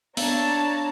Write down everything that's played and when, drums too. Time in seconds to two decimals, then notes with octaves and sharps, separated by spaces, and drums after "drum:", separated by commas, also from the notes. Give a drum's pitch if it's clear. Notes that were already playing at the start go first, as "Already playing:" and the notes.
0.17 B3 D4 C#5 A5 A#5, drum: open hi-hat